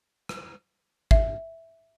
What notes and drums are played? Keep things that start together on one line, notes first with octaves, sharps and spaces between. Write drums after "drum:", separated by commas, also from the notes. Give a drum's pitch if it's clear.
drum: rim click
E5, drum: kick